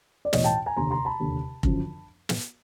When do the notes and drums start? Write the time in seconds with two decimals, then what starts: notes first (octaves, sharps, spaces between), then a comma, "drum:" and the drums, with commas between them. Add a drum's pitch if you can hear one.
0.25 D5
0.33 B1 A2 E3 C#5 D#5, drum: snare
0.44 G5 A5
0.66 G#5 A#5
0.76 F1 D#2 D3 A#5 C6
0.91 A#5 C6
1.05 A5 B5
1.20 F1 D#2 D3
1.63 G1 F#2 C#3 F3, drum: kick F1
2.29 drum: snare